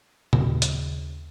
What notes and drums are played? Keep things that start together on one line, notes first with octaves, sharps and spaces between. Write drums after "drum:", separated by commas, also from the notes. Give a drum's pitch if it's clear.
D#2 C#3, drum: tom A#2
drum: hi-hat